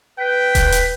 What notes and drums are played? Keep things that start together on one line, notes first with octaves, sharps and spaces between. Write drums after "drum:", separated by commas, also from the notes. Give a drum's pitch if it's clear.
B4 G5
B4, drum: kick D#1, hi-hat
drum: hi-hat